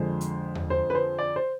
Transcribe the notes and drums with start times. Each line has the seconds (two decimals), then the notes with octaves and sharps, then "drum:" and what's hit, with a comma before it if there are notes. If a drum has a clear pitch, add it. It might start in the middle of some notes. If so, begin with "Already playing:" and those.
Already playing: F2 D3 G#3 C5
0.21 drum: hi-hat
0.55 drum: tom E2
0.70 C5
0.90 B4
0.95 C5
1.18 D5
1.36 C5